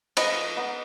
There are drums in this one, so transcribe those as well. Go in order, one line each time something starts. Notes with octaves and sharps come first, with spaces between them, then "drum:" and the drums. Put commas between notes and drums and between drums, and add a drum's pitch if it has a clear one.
F3 B4 D#5, drum: cymbal
B3 D#4